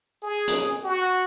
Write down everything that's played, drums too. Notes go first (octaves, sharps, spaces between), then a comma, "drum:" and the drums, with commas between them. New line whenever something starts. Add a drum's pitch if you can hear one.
G#4
drum: hi-hat
F#4